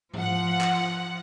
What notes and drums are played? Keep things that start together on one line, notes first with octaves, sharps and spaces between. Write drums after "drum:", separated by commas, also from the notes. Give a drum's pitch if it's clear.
F3 F#5, drum: tom G#2
drum: clap